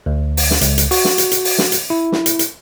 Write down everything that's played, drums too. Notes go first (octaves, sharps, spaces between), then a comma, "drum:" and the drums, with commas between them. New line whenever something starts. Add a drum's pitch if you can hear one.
D2
drum: open hi-hat
drum: snare
C#2, drum: hi-hat
drum: hi-hat
F#4, drum: open hi-hat
drum: snare
drum: hi-hat
drum: hi-hat
drum: open hi-hat
drum: snare
drum: hi-hat
E4
drum: snare
drum: hi-hat
drum: hi-hat